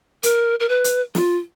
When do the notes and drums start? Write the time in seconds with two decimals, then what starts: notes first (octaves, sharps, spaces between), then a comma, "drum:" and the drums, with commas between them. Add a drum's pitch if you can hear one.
0.23 A#4, drum: hi-hat
0.60 A#4
0.69 B4
0.84 drum: hi-hat
1.15 F4, drum: snare